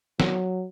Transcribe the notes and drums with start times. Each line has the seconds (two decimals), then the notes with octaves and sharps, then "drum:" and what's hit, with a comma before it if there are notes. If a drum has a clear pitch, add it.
0.20 F#3, drum: snare